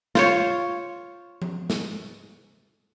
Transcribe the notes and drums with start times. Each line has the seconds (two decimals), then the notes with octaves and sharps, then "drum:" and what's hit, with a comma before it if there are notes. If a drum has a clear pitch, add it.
0.15 F4 C5 C#5, drum: snare
1.42 drum: tom F3
1.70 drum: snare